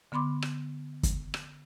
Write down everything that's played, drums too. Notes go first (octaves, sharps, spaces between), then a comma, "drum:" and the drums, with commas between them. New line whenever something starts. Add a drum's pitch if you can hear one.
D3 B3 B5 C6 D6
drum: rim click
drum: kick, hi-hat
drum: rim click